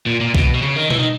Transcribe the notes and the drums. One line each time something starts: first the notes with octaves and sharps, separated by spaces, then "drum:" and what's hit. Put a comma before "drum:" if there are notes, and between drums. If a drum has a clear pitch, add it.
A#2
A#2
B2, drum: kick
B2
C#3
D#3
E3, drum: tom B2
D#3